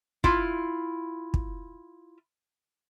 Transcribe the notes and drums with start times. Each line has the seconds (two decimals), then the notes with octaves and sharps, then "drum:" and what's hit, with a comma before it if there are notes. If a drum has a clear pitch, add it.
0.24 E4 F4, drum: kick
1.34 drum: kick